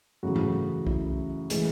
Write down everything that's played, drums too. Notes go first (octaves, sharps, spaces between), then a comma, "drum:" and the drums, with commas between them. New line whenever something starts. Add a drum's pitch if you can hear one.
F#2 C#3 E3 A3 F#4
drum: tom G#2
E4, drum: kick C2
A2 E3 G#3, drum: hi-hat